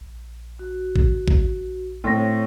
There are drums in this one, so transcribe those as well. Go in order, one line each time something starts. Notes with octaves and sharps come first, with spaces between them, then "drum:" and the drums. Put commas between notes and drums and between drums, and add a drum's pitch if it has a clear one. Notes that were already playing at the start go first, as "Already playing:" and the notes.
A#1
F#4
drum: kick A1
drum: kick A1
A2 C4 A4 C#5 C6 A#6